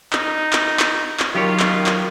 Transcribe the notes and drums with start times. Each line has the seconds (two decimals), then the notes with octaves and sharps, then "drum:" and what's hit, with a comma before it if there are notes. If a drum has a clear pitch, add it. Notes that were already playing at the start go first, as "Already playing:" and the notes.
0.13 D#4, drum: clap
0.53 drum: clap
0.80 drum: clap
1.20 drum: clap
1.35 D#3 F#3 F4 G4 C#5
1.60 drum: clap
1.86 drum: clap